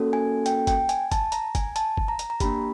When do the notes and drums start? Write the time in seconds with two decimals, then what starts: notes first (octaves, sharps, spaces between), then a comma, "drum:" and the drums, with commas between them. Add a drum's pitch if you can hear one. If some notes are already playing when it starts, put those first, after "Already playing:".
Already playing: A#3 C#4 F#4 A4
0.13 G#5
0.46 G5, drum: hi-hat
0.67 G5, drum: kick F#1, hi-hat
0.89 G#5, drum: hi-hat
1.12 A5, drum: kick F#1, hi-hat
1.32 A#5, drum: hi-hat
1.55 G#5, drum: kick F#1, hi-hat
1.76 A5, drum: hi-hat
1.97 drum: kick F#1
2.08 A#5
2.19 drum: hi-hat
2.30 A#5
2.40 A#3 D4 G4 B5, drum: kick F#1, hi-hat